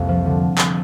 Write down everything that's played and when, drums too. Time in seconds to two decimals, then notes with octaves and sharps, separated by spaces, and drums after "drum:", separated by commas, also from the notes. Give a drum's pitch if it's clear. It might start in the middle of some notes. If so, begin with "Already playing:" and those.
Already playing: C2 F2 A#3
0.09 F3
0.26 D3
0.58 drum: clap